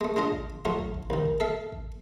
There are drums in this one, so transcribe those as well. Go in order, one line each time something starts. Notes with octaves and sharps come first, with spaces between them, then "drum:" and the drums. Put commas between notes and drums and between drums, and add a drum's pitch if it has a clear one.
G#3 A3
G#3 D4 F4 D#5
drum: kick
F#3 A3 F4 F#4
drum: kick
drum: kick
C2 D#3
drum: kick
A4 E5 F5
drum: kick